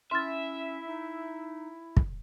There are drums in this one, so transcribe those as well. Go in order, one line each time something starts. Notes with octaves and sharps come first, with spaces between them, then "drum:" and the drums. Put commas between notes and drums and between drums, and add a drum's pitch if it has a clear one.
C#4 E4 E5 C6 F6 A6
D#4
drum: kick